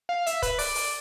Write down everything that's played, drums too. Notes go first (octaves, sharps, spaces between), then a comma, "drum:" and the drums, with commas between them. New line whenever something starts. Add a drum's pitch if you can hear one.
F5
E5, drum: hi-hat
B4, drum: kick, hi-hat
D5, drum: open hi-hat
drum: open hi-hat